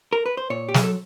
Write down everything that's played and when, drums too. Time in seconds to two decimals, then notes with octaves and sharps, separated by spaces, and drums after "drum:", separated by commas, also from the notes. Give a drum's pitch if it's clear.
0.13 A#4
0.26 B4
0.37 C5
0.50 A#2 C#5
0.69 G4
0.74 F#3 G#4, drum: snare
0.84 A4